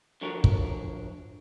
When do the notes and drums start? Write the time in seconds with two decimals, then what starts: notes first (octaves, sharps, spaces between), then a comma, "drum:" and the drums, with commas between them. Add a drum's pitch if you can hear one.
0.21 D3 F3 F#3 A#4
0.44 drum: kick